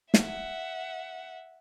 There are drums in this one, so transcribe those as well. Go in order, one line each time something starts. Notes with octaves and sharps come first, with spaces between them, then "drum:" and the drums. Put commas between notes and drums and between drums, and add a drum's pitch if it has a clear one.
E5 F#5, drum: snare